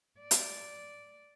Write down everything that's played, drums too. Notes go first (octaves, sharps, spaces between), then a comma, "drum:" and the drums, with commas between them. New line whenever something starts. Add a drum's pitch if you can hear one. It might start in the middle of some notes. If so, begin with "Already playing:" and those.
D5
drum: hi-hat